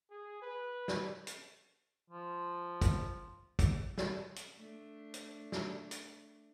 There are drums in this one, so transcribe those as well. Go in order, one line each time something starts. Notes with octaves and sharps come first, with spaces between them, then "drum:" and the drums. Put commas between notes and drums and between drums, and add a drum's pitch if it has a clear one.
G#4
B4
drum: snare
drum: hi-hat
F3
drum: kick, hi-hat
drum: kick, hi-hat
drum: snare
drum: hi-hat
A3 D4
drum: hi-hat
drum: snare
drum: hi-hat